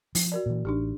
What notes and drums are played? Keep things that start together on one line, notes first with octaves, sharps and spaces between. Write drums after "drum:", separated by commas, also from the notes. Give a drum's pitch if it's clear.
F3, drum: open hi-hat
F#4 A#4 D5
A#2 E3
A1 D4 D#4 G4